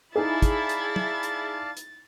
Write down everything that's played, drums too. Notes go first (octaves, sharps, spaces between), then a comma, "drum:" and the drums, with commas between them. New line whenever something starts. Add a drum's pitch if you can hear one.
D#4 E4 G#4 D5 F5 A5 A6
drum: kick, hi-hat
drum: hi-hat
drum: tom
drum: hi-hat
drum: hi-hat